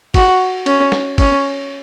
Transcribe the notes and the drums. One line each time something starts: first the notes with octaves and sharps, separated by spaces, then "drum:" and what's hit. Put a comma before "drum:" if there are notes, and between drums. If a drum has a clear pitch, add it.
F#4, drum: kick, cymbal
C#4, drum: cymbal
drum: snare
C#4, drum: kick, cymbal